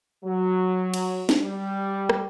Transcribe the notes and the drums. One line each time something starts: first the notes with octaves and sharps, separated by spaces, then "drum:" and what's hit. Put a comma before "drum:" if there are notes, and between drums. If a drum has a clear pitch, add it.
F#3
drum: cymbal
drum: snare
G3
drum: rim click